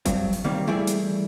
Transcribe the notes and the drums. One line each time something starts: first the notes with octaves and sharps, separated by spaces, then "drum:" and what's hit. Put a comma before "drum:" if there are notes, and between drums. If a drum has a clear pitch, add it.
G2 F#3 C4, drum: kick F#1, hi-hat
drum: open hi-hat
C3 D#3 G3 A#3 C4
E3 G3 A3 E4 G#4 D5
drum: hi-hat